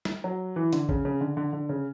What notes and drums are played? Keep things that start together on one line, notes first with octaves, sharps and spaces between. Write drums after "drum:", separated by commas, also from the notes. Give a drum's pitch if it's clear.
drum: snare
F#3
E3
D3, drum: hi-hat
C#3, drum: kick A1
C#3
D3
D3
D3
C#3